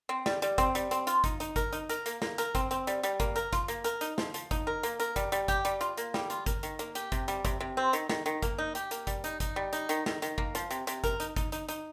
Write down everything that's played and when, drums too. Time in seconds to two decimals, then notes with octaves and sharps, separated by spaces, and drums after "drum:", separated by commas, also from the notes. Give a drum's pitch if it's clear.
0.09 C4
0.26 G3, drum: snare
0.42 G3, drum: hi-hat
0.58 C4, drum: kick G1, hi-hat
0.75 G3, drum: hi-hat
0.91 C4, drum: hi-hat
1.07 F4, drum: hi-hat
1.24 D#4, drum: kick G1, hi-hat
1.40 D#4, drum: hi-hat
1.56 A#4, drum: kick G1, hi-hat
1.73 D#4, drum: hi-hat
1.89 A#4, drum: hi-hat
2.06 A#3, drum: hi-hat
2.22 A#3, drum: snare
2.38 A#4, drum: hi-hat
2.55 C4, drum: kick G1, hi-hat
2.71 C4, drum: hi-hat
2.87 G3, drum: hi-hat
3.03 G3, drum: hi-hat
3.20 A#3, drum: kick G1, hi-hat
3.36 A#4, drum: hi-hat
3.53 F4, drum: kick G1, hi-hat
3.68 A#3, drum: hi-hat
3.84 A#4, drum: hi-hat
4.01 D#4, drum: hi-hat
4.18 F3, drum: snare
4.34 F3, drum: hi-hat
4.51 D#4, drum: kick G1, hi-hat
4.67 A#4
4.83 A#3, drum: hi-hat
5.00 A#4, drum: hi-hat
5.16 G3, drum: kick G1, hi-hat
5.32 G3, drum: hi-hat
5.48 G4, drum: kick G1, hi-hat
5.65 G3, drum: hi-hat
5.81 F4, drum: hi-hat
5.97 A#3, drum: hi-hat
6.14 G3, drum: snare
6.30 F4, drum: hi-hat
6.46 A#4, drum: kick G1, hi-hat
6.63 D#3, drum: hi-hat
6.79 A#3, drum: hi-hat
6.95 G4, drum: hi-hat
7.12 C3, drum: kick G1, hi-hat
7.28 G3, drum: hi-hat
7.45 C3, drum: kick G1, hi-hat
7.60 C3
7.77 C4
7.93 D#3, drum: hi-hat
8.09 D#3, drum: snare
8.26 D#3, drum: hi-hat
8.42 A#3, drum: kick G1, hi-hat
8.58 D#4
8.75 G4, drum: hi-hat
8.91 A#3, drum: hi-hat
9.07 G3, drum: kick G1, hi-hat
9.24 D#4, drum: hi-hat
9.40 D#4, drum: kick G1, hi-hat
9.56 G3
9.73 D#4, drum: hi-hat
9.89 D#3, drum: hi-hat
10.06 D#3, drum: snare
10.22 D#3, drum: hi-hat
10.38 A#3, drum: kick G1
10.55 F3, drum: hi-hat
10.71 C3, drum: hi-hat
10.87 C3, drum: hi-hat
11.04 A#4, drum: kick G1, hi-hat
11.20 D#4, drum: hi-hat
11.36 D#4, drum: kick G1, hi-hat
11.52 D#4, drum: hi-hat
11.69 D#4, drum: hi-hat